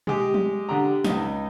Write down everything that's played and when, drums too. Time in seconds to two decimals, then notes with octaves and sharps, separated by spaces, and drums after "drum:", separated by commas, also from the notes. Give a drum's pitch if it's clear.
0.07 G#3 G4, drum: tom B2
0.34 drum: tom
0.69 D3 G4 A#5
1.04 C#2 D#4, drum: snare